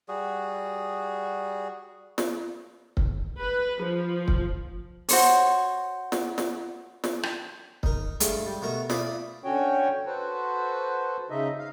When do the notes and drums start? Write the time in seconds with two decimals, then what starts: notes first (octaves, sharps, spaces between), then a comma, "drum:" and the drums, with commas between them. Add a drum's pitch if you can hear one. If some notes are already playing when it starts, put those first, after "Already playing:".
0.08 G3 F#4 G#4
2.18 drum: snare
2.97 drum: kick C#1
3.40 B4
3.84 F3
4.28 drum: kick C#1
5.09 F#4 C5 C#5, drum: open hi-hat
6.12 drum: snare
6.38 drum: snare
7.04 drum: snare
7.23 drum: rim click
7.83 D#4 A#4, drum: kick C#1
8.20 G2 G#3 A3 F5, drum: hi-hat
8.46 G3
8.62 B2 A3 F#4 A#4 A#5
8.90 D5 E5 F5 B5 D6 D#6, drum: snare
9.44 D3 C#4 F#4 C#5 G5
10.06 F#4 A4 B4 C5
11.30 C#3 D#4 D#5 E5
11.58 F5